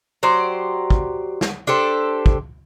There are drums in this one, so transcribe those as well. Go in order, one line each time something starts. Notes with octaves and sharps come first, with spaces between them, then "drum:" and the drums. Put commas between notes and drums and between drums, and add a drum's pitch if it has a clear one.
F#3 G4 C5 D5
drum: kick
drum: snare
D4 G4 A4 C5
drum: kick